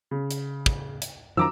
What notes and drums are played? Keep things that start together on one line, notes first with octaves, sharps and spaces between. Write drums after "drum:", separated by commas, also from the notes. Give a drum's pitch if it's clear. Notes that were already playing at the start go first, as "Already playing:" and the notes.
C#3
drum: hi-hat
drum: kick
drum: hi-hat
F#2 D#3 F3 A#5 D6 E6